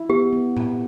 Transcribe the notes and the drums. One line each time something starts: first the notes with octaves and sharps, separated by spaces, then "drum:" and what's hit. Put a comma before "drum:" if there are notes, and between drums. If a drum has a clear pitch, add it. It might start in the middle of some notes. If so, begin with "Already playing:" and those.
Already playing: E4
B3 G4
B3
B3, drum: tom A2